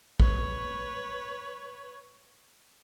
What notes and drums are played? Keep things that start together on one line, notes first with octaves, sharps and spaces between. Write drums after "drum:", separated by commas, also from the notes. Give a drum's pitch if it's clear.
B4 C#5, drum: kick